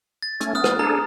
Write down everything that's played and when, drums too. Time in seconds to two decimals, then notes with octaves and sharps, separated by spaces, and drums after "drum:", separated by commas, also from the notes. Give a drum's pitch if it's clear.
0.22 A6
0.40 A3 C#4, drum: hi-hat
0.55 B3 D#6 F6
0.64 drum: rim click
0.79 D4 G#4 A4 A#5